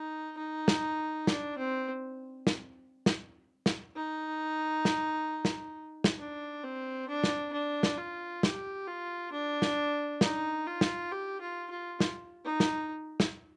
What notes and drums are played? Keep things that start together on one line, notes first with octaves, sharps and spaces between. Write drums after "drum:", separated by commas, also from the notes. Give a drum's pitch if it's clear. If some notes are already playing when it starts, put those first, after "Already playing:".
Already playing: D#4
D#4
drum: snare
D4, drum: snare
C4
drum: snare
drum: snare
drum: snare
D#4
drum: snare
drum: snare
drum: snare
D4
C4
D4
drum: snare
D4
drum: snare
F4
G4, drum: snare
F4
D4
drum: snare
D#4, drum: snare
F4
drum: snare
G4
F4
F4
drum: snare
D#4
drum: snare
drum: snare